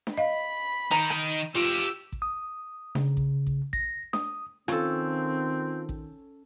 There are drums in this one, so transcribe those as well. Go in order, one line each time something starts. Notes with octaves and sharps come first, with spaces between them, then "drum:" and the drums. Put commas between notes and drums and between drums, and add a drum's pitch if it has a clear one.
drum: snare D4
D#5 F5 B5
D#3 D#4 A#5
drum: rim click
F4 G4 F5 E6
drum: kick A1
D#6
C#3, drum: snare D4
drum: kick A1
drum: kick A1
A#6, drum: kick A1
D#6, drum: snare D4
D#3 C4 C#4 F4 A4, drum: rim click
drum: kick A1